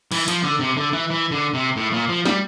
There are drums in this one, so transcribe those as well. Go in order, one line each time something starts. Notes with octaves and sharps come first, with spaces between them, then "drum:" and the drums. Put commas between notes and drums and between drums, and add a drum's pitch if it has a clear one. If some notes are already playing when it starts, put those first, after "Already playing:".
E3, drum: cymbal
F3, drum: hi-hat
D3
C3
D3
E3
E3
D3
C3
A2
A#2
F3
G3, drum: snare